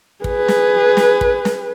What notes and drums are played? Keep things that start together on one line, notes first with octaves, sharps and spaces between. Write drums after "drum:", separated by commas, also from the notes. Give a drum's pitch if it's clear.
G#4 B4, drum: kick
drum: snare
drum: snare
drum: kick
drum: snare